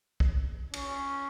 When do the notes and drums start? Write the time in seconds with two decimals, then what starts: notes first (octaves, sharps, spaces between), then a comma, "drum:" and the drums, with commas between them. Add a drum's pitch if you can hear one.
0.20 drum: kick
0.73 C#4, drum: cymbal